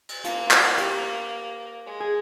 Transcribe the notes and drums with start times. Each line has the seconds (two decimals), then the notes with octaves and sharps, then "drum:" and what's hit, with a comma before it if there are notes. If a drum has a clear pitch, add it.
0.09 drum: cymbal
0.24 A#3 F4, drum: hi-hat
0.47 F4
0.51 F#4, drum: clap
0.78 G4, drum: hi-hat
1.86 G#3
2.00 G#4